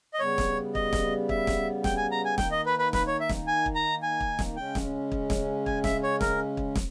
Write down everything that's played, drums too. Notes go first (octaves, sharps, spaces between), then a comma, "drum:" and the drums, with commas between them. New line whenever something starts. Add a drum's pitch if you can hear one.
D#5
C#3 G3 B3 C#5
drum: snare
D#5, drum: kick
drum: snare
E5, drum: kick
drum: snare
G5, drum: snare
G#5
A#5
G#5
D#3 A#3 D#4 G5, drum: snare
D#5
B4
B4
B4, drum: snare
C#5
E5
drum: snare
G#5
drum: kick
A#5
G#5
drum: kick
drum: snare
C#3 G#3 C#4 G5
drum: snare
drum: kick
drum: snare
G#5, drum: kick
E5, drum: snare
C#5
A#4, drum: snare
drum: kick
drum: snare